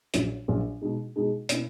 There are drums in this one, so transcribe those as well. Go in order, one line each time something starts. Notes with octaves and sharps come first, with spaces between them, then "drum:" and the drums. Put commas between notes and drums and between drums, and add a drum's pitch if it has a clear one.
A#1 A#2 F#3 C#4 F#4, drum: hi-hat
A#1 A#2 F#3 C#4 F#4
B2 G#3 D#4 G#4
B2 G#3 D#4 G#4
B2 A#3 C#4 E4, drum: hi-hat